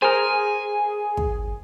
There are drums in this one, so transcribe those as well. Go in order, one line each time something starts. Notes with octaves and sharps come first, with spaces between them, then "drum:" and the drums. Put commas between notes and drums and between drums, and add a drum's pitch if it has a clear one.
G#4 A#4 C5 G#5
drum: kick